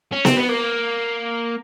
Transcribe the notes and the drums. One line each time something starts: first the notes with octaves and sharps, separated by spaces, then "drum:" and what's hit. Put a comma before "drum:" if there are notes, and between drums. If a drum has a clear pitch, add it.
C#4
C4, drum: snare B3
B3
A#3